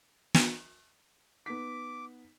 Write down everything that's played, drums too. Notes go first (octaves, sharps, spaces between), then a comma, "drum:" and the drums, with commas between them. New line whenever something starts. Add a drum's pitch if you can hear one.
drum: snare
B3 D#4 D6 B6